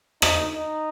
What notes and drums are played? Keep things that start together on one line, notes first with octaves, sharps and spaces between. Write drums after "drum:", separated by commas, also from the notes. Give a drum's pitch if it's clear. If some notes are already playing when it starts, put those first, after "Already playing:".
D#4, drum: rim click
D#4